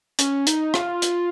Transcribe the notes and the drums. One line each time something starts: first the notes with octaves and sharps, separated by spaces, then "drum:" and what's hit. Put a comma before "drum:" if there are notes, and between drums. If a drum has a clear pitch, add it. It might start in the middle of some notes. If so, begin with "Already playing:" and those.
C#4, drum: hi-hat
D#4, drum: hi-hat
F4, drum: rim click
drum: hi-hat